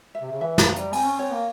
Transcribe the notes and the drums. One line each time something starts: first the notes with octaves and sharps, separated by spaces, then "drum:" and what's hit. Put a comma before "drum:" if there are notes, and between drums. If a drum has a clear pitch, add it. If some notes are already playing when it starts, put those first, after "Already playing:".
E5
C3
C#3
E3 E5
F3, drum: snare
A#5
G3, drum: hi-hat
C4 G#5, drum: open hi-hat
C#4
C4 C#5
A#3